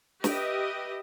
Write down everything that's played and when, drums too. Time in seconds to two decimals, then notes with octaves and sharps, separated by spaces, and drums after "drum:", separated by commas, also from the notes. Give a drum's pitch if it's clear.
0.24 G4 B4 D#5 E5, drum: snare